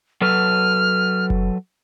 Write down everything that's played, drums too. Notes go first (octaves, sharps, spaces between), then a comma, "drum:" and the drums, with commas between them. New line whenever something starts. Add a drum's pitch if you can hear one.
F#3 A4 B4 F6
drum: kick F#1